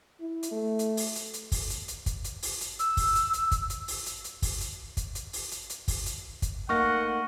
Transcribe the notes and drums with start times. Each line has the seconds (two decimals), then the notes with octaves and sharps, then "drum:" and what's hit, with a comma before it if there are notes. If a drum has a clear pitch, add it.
0.20 E4
0.43 drum: hi-hat
0.52 A3
0.79 drum: hi-hat
0.97 drum: open hi-hat
1.15 drum: hi-hat
1.33 drum: hi-hat
1.52 drum: kick, open hi-hat
1.70 drum: hi-hat
1.88 drum: hi-hat
2.06 drum: kick, hi-hat
2.24 drum: hi-hat
2.42 drum: open hi-hat
2.61 drum: hi-hat
2.79 E6, drum: hi-hat
2.97 drum: kick, open hi-hat
3.15 drum: hi-hat
3.33 drum: hi-hat
3.51 drum: kick, hi-hat
3.70 drum: hi-hat
3.88 drum: open hi-hat
4.06 drum: hi-hat
4.24 drum: hi-hat
4.42 drum: kick, open hi-hat
4.61 drum: hi-hat
4.97 drum: kick, hi-hat
5.15 drum: hi-hat
5.33 drum: open hi-hat
5.51 drum: hi-hat
5.70 drum: hi-hat
5.88 drum: kick, open hi-hat
6.06 drum: hi-hat
6.42 drum: kick, hi-hat
6.69 A3 A#3 D#4 F#5 C#6 F6 A#6